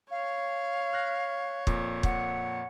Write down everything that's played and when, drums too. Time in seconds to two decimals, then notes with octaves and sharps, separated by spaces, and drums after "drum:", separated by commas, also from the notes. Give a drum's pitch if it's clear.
0.11 C#5 F5
0.93 F6 F#6 A#6
1.67 F2 A#2, drum: kick
2.03 F#5, drum: kick